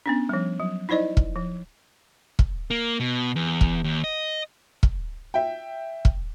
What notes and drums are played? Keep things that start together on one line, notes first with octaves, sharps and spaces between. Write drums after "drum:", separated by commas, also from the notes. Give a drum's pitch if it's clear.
B3 C#4 D4
F3 G3
F#3
D#4 E4 C5 D5 D#5
drum: kick
F3
drum: kick
A#3
B2
E2
drum: kick
D#2
D#5
drum: kick
E5 G5
drum: kick